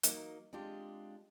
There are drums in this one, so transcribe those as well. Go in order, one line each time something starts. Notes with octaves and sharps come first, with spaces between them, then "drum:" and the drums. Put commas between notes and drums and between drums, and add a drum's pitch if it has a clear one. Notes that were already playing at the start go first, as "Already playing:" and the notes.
F#3 A#3 D#4, drum: hi-hat
G#3 C4 D4 F4 G4